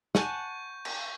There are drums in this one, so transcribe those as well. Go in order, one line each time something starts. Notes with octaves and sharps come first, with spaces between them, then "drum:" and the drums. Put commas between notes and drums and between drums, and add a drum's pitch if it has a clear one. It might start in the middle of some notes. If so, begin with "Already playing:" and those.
F#5 G#5 A5 C#6 G6, drum: snare
drum: cymbal